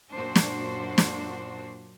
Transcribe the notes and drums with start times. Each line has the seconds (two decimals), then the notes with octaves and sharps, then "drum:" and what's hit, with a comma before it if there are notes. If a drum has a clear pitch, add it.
0.15 F#2 A#2 D4 F#4 C5
0.36 drum: snare
0.98 drum: snare